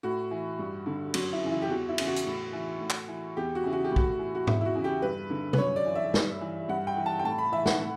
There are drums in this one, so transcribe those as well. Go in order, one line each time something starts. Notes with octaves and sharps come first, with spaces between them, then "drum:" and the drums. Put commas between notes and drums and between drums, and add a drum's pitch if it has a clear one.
A2 F#4
E3
G2
D3
F#2 F#4, drum: cymbal
E4
C#3 E3
E4
G4
E2 F#4
E4
C#3 E3, drum: cymbal
F#4
drum: hi-hat
A2
E3
A2
drum: clap
E3
E2 G4
F#4
C#3 E3
F#4
G4
A2
F#4, drum: kick
E3
F#4
E2 E4, drum: tom G#2
E4
F#4
C#3 E3
G4
G2 B4
D3
B4, drum: tom C3
F#2 C#5
D5
E3
E5
G2, drum: snare
E3
G2 F#5
G5
E3
A5
G5
A2 A5
B5
E3 E5
F#5, drum: snare
A2